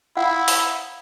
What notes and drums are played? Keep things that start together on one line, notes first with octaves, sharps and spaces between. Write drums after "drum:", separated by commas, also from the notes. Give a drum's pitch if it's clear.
E4 F5 F#5
drum: open hi-hat